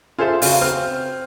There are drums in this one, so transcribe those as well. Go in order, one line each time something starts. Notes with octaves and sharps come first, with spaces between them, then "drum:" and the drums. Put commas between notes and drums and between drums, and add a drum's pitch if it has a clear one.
F4 G#4 A4 C5 E5
C#3 F#4, drum: open hi-hat
C4 F6